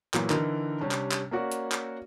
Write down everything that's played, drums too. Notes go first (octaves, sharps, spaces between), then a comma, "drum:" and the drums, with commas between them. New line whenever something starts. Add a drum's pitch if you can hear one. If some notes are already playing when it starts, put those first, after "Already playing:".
A#2 E3 F#3 A#3, drum: clap
D3 E3 D#4 A#4, drum: clap
C3 G3 C#4 D4
drum: clap
drum: clap
A#3 C#4 F#4 A#4 D5
drum: hi-hat
drum: clap